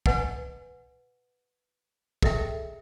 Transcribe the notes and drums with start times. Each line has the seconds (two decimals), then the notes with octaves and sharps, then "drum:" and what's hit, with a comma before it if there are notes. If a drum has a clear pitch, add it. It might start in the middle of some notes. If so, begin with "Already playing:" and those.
0.06 B4 D#5 F#5 G#5, drum: kick
2.22 G#4 A4 D#5 E5 G5, drum: kick